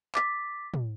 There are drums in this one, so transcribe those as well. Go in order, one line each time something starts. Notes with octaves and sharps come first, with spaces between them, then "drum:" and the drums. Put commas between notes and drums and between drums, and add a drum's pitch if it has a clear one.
D6 A6 B6, drum: clap
drum: tom